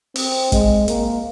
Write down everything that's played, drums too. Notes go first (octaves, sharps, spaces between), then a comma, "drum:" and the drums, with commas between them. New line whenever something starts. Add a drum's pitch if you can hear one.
C4, drum: open hi-hat
G#3, drum: kick, hi-hat
A#3, drum: hi-hat